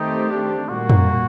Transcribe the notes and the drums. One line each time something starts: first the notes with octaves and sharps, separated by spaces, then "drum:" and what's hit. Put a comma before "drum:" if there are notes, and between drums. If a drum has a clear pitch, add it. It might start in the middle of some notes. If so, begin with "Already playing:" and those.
Already playing: D#3 A3 C4 D#4 G4
D4
A#2 G3 A#3 F#4
drum: tom